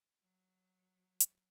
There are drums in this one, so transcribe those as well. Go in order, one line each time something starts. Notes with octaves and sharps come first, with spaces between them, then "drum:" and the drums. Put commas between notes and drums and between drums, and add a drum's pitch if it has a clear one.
F#3
drum: hi-hat